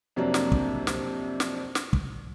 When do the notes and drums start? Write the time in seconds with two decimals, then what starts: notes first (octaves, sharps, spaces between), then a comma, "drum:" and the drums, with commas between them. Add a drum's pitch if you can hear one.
0.16 F2 C3 F#3 A#3 D4
0.34 drum: snare
0.52 drum: kick
0.87 drum: snare
1.40 drum: snare
1.75 drum: snare
1.93 drum: kick